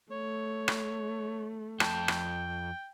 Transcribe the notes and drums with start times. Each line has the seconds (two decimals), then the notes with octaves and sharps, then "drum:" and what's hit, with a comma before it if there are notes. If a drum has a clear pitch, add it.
0.12 A3 C#5
0.68 drum: rim click
1.80 F2 G5 A5, drum: rim click
2.08 drum: rim click